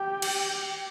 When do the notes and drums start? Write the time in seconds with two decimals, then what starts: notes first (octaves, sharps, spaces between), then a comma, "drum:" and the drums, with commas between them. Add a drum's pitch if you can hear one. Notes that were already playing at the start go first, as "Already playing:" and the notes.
Already playing: G4
0.22 drum: cymbal